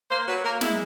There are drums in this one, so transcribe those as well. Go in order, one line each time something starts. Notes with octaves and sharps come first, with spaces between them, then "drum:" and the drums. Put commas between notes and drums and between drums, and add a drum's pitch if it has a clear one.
A#3 C5
F#3 B4
A#3 A#4
G#3 E4, drum: snare